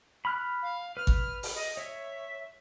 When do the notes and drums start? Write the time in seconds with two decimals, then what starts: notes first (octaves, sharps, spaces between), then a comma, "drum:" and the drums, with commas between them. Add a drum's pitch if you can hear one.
0.25 B5 F6 F#6
0.62 F5
0.97 B4 F6
1.07 drum: kick G#1
1.43 drum: open hi-hat
1.55 D#5
1.77 C#5 E5